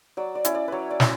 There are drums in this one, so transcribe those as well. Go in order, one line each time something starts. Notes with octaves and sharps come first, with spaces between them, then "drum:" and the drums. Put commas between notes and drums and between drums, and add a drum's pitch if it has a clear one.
F#3 D5
D5
C#4 E4, drum: hi-hat
D5
F#3 B4 C#5
D5
C#4 E4, drum: snare